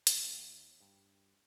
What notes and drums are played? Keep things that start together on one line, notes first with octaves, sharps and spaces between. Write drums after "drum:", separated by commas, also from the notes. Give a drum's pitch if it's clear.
D#3, drum: hi-hat
D#2
G2